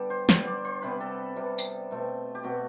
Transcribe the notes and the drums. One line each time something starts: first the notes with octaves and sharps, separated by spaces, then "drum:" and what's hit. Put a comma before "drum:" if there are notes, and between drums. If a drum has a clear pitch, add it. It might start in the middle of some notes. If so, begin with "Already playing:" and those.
Already playing: D3 G3 B3 D4 G4 A4
C5
D3 G3 B3 C5, drum: snare
D5
C5
C3 G3 B3 B4
A4
C3 G3 B3
drum: tambourine
B2 A3 C4
G4
B2 A3 C4 F#4